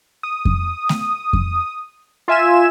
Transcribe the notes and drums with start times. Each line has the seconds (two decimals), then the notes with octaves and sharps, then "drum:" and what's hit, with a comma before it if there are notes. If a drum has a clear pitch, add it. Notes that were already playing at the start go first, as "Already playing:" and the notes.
0.23 D#6
0.45 drum: kick F2
0.89 drum: snare A3
1.33 drum: kick F2
2.28 F4 E5 G#5 E7